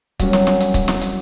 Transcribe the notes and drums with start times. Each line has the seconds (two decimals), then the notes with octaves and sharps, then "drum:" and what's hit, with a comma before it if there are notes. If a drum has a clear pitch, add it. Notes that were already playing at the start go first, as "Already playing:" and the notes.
0.19 F#3 G3 C#4 A#4, drum: kick C#1, hi-hat
0.33 drum: snare
0.47 drum: snare
0.60 drum: hi-hat
0.74 drum: kick C#1, hi-hat
0.88 drum: snare
1.01 drum: hi-hat